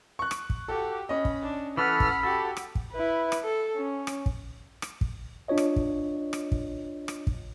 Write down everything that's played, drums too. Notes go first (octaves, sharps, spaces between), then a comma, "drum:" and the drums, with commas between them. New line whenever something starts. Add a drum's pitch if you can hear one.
C#6 F#6
drum: rim click
drum: kick
F#4 G4 A4
C#4 D#5 B5
drum: kick
D4
E3 A4 B4 F#5 B5 F6
drum: kick
F#4 G4 A4
drum: rim click
drum: kick
E4 B4
drum: rim click
A4
C#4
drum: rim click
drum: kick
drum: rim click
drum: kick
D4 F4 C#5 D#5
drum: rim click
drum: kick
drum: rim click
drum: kick
drum: rim click
drum: kick